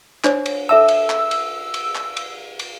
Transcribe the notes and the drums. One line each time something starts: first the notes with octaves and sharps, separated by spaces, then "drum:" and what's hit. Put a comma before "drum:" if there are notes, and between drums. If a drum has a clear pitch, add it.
D4 C5 C#5, drum: clap
drum: cymbal
A4 E5 A5 E6
drum: cymbal
drum: clap
drum: cymbal
drum: cymbal
drum: clap
drum: cymbal
drum: cymbal